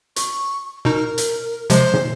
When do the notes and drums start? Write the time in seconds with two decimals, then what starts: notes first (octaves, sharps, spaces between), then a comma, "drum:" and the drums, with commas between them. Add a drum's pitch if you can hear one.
0.16 C#6, drum: hi-hat
0.85 B2 D#4 A#4
1.18 drum: hi-hat
1.70 C3 F3 G#3 C5, drum: hi-hat
1.94 drum: tom